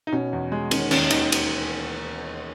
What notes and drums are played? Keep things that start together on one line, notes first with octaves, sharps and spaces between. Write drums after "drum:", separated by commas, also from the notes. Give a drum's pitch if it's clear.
D#4
B2 C#4
E2
G#3
D#3 C#4, drum: cymbal
D#2 C#4, drum: cymbal
D#2 D#4, drum: cymbal
drum: cymbal